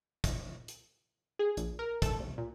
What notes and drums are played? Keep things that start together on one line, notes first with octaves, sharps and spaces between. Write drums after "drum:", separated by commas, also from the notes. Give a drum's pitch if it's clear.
drum: kick, hi-hat
drum: hi-hat
G#4
A#1, drum: hi-hat
A#4
A4, drum: kick, hi-hat
C2
A#2